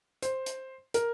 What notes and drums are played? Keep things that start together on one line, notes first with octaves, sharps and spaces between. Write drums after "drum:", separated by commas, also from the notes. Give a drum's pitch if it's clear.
C5, drum: hi-hat
drum: hi-hat
A#4, drum: hi-hat